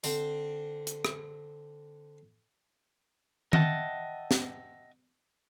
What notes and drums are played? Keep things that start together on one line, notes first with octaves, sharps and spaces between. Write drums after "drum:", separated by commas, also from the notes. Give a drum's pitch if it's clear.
D3 C4, drum: tambourine
drum: hi-hat
drum: rim click
D#5 E5 F#5 G5 A5, drum: tom D#3
drum: snare